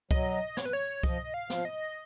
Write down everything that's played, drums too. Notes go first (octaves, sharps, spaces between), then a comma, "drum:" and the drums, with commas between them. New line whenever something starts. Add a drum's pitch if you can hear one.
F#3 D#5, drum: kick C2
C#5, drum: snare
B4
C#5
F3 D#5, drum: kick C2
F5
F3, drum: snare
D#5